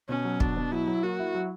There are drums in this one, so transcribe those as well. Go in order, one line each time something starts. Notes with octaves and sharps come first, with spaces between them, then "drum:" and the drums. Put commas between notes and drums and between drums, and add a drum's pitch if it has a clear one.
B2 C#4
F#3
B2 D4, drum: kick
B2
F#3 E4
F#3
A#3 F#4
E4
F#3